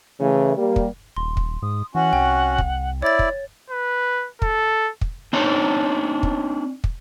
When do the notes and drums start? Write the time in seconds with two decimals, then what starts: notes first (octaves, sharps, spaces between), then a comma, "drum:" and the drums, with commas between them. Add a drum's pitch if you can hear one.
0.20 C#3 E3 A3
0.57 G3 A#3
0.76 drum: kick
1.17 D#1 C6
1.37 drum: kick
1.62 G#2 D#6
1.95 E3 C#4 F#4 F#5
2.13 C2 G5
2.58 drum: kick
3.02 E4 C#5 D5 A6
3.19 drum: kick
3.71 B4
4.42 A4, drum: kick
5.01 drum: kick
5.33 C4 D4 D#4 C#5
6.23 drum: kick
6.84 drum: kick